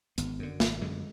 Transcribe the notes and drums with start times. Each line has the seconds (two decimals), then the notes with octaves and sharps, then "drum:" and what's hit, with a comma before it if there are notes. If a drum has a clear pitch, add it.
0.18 G#1 B3, drum: hi-hat
0.39 F#2 D3
0.60 G#1 A3, drum: snare
0.81 F#2 D3 G#3